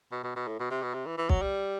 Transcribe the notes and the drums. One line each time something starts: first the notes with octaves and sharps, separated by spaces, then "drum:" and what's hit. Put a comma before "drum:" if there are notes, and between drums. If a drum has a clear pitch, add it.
B2
B2
B2
A2
B2
C3
B2
C3
E3
E3
F#3, drum: kick
G3